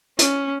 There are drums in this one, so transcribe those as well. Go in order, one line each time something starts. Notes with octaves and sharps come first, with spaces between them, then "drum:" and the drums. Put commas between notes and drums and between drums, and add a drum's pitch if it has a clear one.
C#4, drum: hi-hat